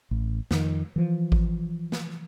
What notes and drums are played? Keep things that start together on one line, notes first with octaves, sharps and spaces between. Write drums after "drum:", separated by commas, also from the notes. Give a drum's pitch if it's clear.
A1
F2 D#3, drum: snare
E3 F3
drum: kick G#1
drum: snare